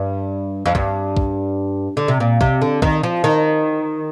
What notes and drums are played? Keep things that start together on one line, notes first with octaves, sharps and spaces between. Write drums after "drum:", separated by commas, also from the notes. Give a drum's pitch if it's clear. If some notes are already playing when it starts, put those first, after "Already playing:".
Already playing: G2
F2
G2, drum: kick
drum: kick
D3
C3
A#2
C3, drum: kick
D3
D#3, drum: kick
F3
D#3